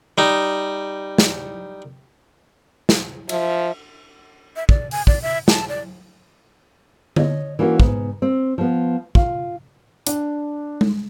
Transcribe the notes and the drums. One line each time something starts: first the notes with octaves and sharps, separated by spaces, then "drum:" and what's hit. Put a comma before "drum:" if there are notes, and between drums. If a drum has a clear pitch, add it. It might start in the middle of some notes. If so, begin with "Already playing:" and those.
G3 D#4
drum: snare
drum: snare
F3 E5, drum: cymbal
E5
D5, drum: kick
G#5, drum: open hi-hat
D5, drum: kick
E5
A5, drum: snare
D5
C#5 D#5, drum: tom D3
E3 A#3 C#4 F4 F#4
G#2 B3, drum: kick
C4
F3 B3
F4, drum: kick
D4, drum: hi-hat
drum: tom G#3